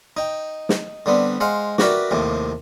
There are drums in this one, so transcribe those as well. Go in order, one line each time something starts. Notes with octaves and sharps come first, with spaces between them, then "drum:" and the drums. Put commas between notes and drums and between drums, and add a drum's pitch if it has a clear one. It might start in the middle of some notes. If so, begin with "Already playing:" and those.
D#4 G5
drum: snare
D3 G3 B3 C4
G#3 C5 F5 F#5
F#4 G4 A#4 B4 D5 E5, drum: snare
D#2 A2 C3 F3